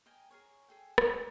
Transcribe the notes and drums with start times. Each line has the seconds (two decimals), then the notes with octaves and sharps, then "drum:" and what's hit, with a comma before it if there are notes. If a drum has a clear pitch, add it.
0.06 A#4 D#5 G5 G#5
0.30 G#4 A#4 C#5
0.68 G#4 A4 G5
0.98 G#4 C#5 F#5 C6, drum: rim click